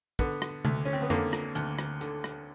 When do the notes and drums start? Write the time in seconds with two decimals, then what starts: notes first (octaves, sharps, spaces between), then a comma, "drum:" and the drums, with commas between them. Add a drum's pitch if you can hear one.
0.19 D3 B3, drum: kick, hi-hat
0.42 drum: rim click
0.65 D2, drum: tom C3
0.85 C#4
0.93 C4
1.02 B3
1.10 D3 A#3, drum: tom F2
1.33 drum: rim click
1.55 D2, drum: hi-hat
1.79 drum: rim click
2.01 D3, drum: hi-hat
2.24 drum: rim click